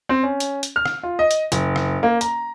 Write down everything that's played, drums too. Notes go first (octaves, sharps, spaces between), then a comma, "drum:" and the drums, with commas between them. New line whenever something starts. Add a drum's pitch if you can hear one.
C4
C#4
drum: hi-hat
drum: hi-hat
F6
drum: rim click
F4
D#5
drum: hi-hat
F#1, drum: hi-hat
drum: rim click
A#3
A#5, drum: hi-hat